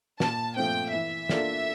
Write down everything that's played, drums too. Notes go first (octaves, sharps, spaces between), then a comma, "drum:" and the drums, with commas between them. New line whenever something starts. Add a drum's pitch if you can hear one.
A#2 A5, drum: snare
F3 A3 C4 G5
E3 E5
A#3 D4 F4 A4, drum: snare